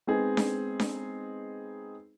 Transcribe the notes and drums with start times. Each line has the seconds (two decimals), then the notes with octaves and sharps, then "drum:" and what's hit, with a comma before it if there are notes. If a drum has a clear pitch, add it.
0.07 G#3 B3 C4 D#4 G#4
0.37 drum: snare D4
0.80 drum: snare D4